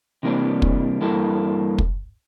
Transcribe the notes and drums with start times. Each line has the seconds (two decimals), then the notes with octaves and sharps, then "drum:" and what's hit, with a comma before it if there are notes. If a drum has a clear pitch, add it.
0.23 C3 E3 G3 A#3 D4
0.62 drum: kick
1.01 G2 E3 A#3 E4 A4
1.78 drum: kick